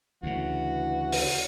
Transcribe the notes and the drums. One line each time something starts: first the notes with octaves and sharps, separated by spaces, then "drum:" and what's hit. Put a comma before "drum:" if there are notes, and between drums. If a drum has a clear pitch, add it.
D2 C#3 E3 F#4
drum: open hi-hat